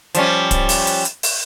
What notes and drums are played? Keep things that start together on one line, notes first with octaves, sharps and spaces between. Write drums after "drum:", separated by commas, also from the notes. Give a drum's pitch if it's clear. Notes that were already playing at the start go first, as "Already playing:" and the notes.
F3 G3 C#4, drum: hi-hat
drum: kick D1, hi-hat
drum: open hi-hat
drum: hi-hat
drum: hi-hat
drum: open hi-hat